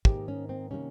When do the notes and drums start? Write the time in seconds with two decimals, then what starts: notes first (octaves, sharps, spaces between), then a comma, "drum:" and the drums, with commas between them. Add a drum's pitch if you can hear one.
0.05 G#2 D#3 A#3 G4, drum: kick
0.28 C#4
0.49 C4
0.71 C3 D#3 G3 A#3 C#4